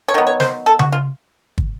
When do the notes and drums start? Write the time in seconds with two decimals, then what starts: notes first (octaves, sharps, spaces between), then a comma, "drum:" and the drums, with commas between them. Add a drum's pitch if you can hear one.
0.08 C#5
0.14 D#3 F#3 B3
0.27 C#5
0.40 C5, drum: snare
0.66 A4
0.79 F#4, drum: tom C#3
0.92 F4
1.58 drum: kick